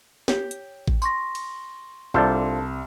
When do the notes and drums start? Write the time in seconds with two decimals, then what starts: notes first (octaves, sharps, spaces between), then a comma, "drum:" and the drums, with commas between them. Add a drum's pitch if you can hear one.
0.28 G4 C#5, drum: snare
0.51 drum: hi-hat
0.88 drum: kick A1
1.02 C6 C#6 A#6, drum: tambourine
1.35 drum: cymbal
2.14 C2 D4 F4 A4 C5 D5 A5